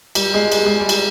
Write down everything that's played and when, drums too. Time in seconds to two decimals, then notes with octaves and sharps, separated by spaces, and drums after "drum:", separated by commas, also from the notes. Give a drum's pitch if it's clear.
0.15 G3, drum: cymbal
0.34 G#3
0.52 G3, drum: cymbal
0.66 G#3
0.80 G3
0.89 drum: cymbal